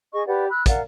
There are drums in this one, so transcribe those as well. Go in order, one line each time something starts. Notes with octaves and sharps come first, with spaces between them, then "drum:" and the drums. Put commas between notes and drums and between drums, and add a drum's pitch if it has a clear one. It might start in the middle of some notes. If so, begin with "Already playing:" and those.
G#4 D#5 C#6
G4 B4 D5 F#5
B5 E6 F#6
A#4 D5 F5 F#5, drum: kick, hi-hat